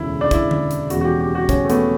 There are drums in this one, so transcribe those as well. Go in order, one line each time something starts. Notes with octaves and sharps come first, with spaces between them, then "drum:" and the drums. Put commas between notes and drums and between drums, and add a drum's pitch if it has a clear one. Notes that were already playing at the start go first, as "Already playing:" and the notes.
Already playing: E1 D2 C#3 E4
D4
E4, drum: kick, hi-hat
drum: tom D3
drum: hi-hat
E1 E2 C#3 E3 F#4, drum: hi-hat
F#4
G4
G4
F#4
C#4, drum: kick, hi-hat
A3
B3, drum: hi-hat